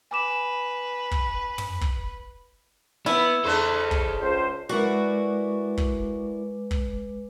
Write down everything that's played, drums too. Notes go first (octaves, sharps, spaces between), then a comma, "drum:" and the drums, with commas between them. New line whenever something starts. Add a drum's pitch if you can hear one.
B4 G#5 D6 E7
drum: kick
drum: tom
drum: kick
B3 E4
C#3 D4 G#4 A4 C5
drum: kick
C#2 C5
G#3 E4 F#4 A#4 B4 D5 D6
drum: kick
drum: kick